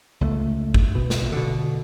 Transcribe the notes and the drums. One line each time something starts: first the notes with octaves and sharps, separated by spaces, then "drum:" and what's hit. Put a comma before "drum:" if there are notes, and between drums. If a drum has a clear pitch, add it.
C#2 G#3 A3
drum: kick
B2
drum: snare
B2 D3